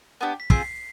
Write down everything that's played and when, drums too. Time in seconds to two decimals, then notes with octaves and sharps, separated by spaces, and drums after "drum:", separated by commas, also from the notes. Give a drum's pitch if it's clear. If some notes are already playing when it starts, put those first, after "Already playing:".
0.21 B3 D4 G4
0.40 B6
0.50 C4 F4 G#4 C7, drum: kick